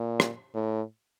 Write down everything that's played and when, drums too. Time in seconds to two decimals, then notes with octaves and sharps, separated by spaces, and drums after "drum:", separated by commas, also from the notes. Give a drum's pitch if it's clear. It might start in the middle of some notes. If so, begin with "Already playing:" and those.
Already playing: A#2
0.20 drum: rim click
0.54 A2